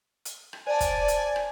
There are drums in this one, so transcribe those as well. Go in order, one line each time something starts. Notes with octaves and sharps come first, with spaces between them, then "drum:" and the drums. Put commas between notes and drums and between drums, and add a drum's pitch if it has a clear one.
drum: hi-hat
drum: rim click
C5 D5 G#5 A5
drum: kick, hi-hat
drum: hi-hat
drum: rim click